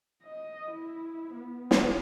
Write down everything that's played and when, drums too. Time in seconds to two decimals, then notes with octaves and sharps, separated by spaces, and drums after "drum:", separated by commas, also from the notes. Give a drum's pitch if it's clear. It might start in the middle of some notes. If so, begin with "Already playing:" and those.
0.24 D#5
0.72 E4
1.34 B3
1.71 drum: snare